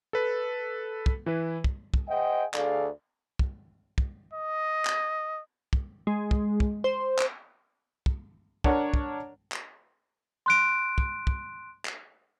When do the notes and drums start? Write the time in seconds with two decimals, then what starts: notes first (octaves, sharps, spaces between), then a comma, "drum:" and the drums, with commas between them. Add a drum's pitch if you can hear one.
0.13 A4 B4
1.06 drum: kick
1.26 E3 E4 B4
1.64 drum: kick
1.94 drum: kick
2.09 G#4 C5 D#5 E5 F#5 G5
2.54 D2 D3 G#4 A4 D5 F5, drum: clap
3.39 drum: kick
3.98 drum: kick
4.33 D#5
4.85 drum: clap
5.73 drum: kick
6.07 G#3
6.31 drum: kick
6.60 drum: kick
6.84 C5
7.19 drum: clap
8.06 drum: kick
8.64 D4 A#4 C#5 F#5, drum: kick
8.94 drum: kick
9.52 drum: clap
10.46 C6 F#6 D7
10.98 drum: kick
11.27 drum: kick
11.85 drum: clap